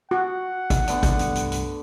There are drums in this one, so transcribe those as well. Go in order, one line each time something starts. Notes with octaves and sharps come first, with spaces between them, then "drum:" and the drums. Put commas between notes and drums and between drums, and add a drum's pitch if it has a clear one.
F#4 F#5
drum: kick G#1, hi-hat
D3 A3 B3, drum: hi-hat
drum: kick G#1, hi-hat
C2 G2, drum: hi-hat
drum: hi-hat
drum: hi-hat